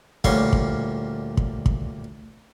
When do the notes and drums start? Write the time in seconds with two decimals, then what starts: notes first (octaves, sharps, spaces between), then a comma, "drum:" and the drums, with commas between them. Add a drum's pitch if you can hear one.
0.24 D2 A#2 G3 C#5 F5 C#6, drum: kick
0.53 drum: kick
1.37 drum: kick
1.66 drum: kick